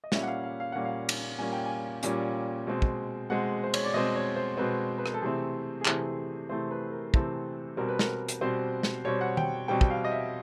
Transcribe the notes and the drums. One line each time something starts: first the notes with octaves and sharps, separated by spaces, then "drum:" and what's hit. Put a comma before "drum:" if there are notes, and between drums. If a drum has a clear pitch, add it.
D#5
A#2 G3 A#3 C#4 E5, drum: snare
F#5
F5
F5
F5
A#2 G3 A#3 C#4 F#5
F5
drum: cymbal
A#2 G3 A#3 C#4 G#5
G5
G#5
A#2 G3 A#3 C#4 G#5, drum: hi-hat
B2 G#3 C4
drum: kick
B2 G#3 C4 F#5
C5
C#5, drum: cymbal
D5
B2 G#3 C4 D#5
C#5
C5
B2 G#3 C4 B4
B4
A#4, drum: rim click
A4
C3 E3 A3 C4 G#4
G#4
C3 E3 A3 C4 A4, drum: clap
C3 E3 A3 C4 C5
B4
A#4
C3 E3 A3 C4 A4, drum: kick
B2 G3 C4 A#4
B4
A#4, drum: snare
drum: hi-hat
B2 G3 C4 C5
drum: snare
B2 G3 C4 C#5
F#5
G5, drum: tom D#3
B2 G3 C4 G5
drum: kick
F5
D#5
E5